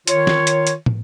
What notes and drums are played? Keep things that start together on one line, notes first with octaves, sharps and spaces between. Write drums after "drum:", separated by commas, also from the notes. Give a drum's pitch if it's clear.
D#3 F4 C#5, drum: hi-hat
drum: snare
drum: hi-hat
drum: hi-hat
drum: tom